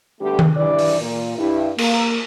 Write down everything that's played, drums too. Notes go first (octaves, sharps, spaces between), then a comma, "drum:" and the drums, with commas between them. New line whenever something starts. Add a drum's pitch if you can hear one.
D3 G3 A3 B3 G4
drum: tom D#3
G2 E3 D5
drum: open hi-hat
A#2
G2 E4
A#3, drum: cymbal